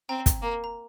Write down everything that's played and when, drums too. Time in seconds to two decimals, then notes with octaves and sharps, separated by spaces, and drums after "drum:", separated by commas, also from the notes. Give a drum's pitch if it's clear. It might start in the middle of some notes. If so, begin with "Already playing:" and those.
0.09 C4 G5 A#5
0.26 drum: kick, hi-hat
0.42 A#3
0.64 A#5